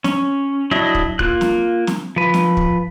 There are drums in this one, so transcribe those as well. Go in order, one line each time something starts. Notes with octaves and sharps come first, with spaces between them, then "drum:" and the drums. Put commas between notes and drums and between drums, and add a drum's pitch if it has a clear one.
C#4, drum: snare
F#3 D4 E4 D#5
drum: kick
A#3 F4 F#6, drum: kick
drum: snare
drum: snare
F3 B4
drum: snare
drum: kick